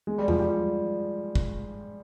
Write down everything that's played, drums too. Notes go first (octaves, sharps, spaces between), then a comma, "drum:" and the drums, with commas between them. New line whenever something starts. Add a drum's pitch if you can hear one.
G#3
G3
F3, drum: tom E2
G3
drum: kick